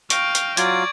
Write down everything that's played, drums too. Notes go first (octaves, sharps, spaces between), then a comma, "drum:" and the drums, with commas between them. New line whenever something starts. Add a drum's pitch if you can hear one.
F5 G5 C#6 A#6 D7, drum: hi-hat
drum: hi-hat
F#3 F4 D5 G#6, drum: hi-hat